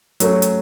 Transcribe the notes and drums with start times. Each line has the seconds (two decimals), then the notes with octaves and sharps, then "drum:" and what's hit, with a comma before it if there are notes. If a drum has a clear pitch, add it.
0.20 F#3 A3 C#4, drum: hi-hat
0.42 drum: hi-hat